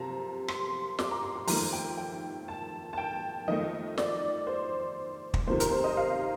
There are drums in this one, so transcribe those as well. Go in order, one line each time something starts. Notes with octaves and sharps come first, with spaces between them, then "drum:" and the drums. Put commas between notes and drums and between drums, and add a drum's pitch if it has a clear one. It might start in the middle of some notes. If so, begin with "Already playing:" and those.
Already playing: C3 F3 A5 A#5
C6, drum: rim click
D6, drum: snare
A#5
C6
C6
F2 D#3 A3 A#5, drum: open hi-hat
G5
G5
A5
A5
G5
F2 D#3 A3 D#5
D5, drum: snare
C5
drum: kick
C3 D#3 A3 C5
A#4, drum: hi-hat
C5
D#5
F5